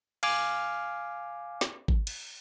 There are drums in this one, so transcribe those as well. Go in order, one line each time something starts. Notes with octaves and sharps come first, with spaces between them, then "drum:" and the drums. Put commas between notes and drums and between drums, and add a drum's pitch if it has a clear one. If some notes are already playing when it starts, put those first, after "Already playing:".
F5 G#5 D6 F6, drum: cymbal
drum: snare
drum: kick G#1
drum: cymbal